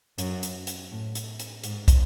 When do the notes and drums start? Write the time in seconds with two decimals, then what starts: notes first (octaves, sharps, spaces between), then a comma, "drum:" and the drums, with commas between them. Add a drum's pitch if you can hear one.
0.18 F#2, drum: hi-hat
0.43 drum: hi-hat
0.67 drum: hi-hat
0.92 A2
1.15 drum: hi-hat
1.39 drum: hi-hat
1.63 G#2, drum: hi-hat
1.88 drum: kick, hi-hat